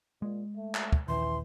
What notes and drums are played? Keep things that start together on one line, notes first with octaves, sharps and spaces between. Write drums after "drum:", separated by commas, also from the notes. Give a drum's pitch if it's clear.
A#2 G#3
A3
drum: clap
drum: kick
D#1 A#1 D#2 E3 C6